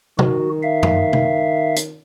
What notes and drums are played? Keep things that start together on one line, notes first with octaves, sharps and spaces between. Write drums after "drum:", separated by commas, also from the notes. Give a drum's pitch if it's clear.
D#3 F#4, drum: tom
E5 F5
drum: tom F#2
drum: tom
drum: hi-hat